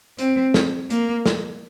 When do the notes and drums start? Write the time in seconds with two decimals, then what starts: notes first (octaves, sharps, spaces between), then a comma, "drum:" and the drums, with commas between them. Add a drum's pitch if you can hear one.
0.18 C4, drum: hi-hat
0.54 drum: snare
0.90 A#3, drum: hi-hat
1.26 drum: snare